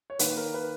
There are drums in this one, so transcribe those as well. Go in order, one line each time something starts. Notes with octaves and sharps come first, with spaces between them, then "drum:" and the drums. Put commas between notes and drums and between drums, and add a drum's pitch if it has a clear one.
C#5
D#3 A#3 D#4 B4, drum: hi-hat
A#4
B4